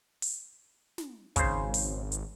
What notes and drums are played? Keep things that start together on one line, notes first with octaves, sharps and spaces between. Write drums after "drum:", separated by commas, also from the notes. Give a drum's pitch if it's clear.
drum: open hi-hat
drum: snare
G#1 C#3 C5, drum: kick, hi-hat
drum: open hi-hat
drum: hi-hat